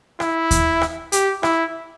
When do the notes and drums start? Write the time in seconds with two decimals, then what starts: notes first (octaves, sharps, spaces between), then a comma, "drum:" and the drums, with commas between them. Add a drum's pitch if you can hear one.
0.20 E4, drum: rim click
0.51 drum: kick D#2, hi-hat
0.81 drum: rim click
1.12 G4, drum: hi-hat
1.43 E4, drum: rim click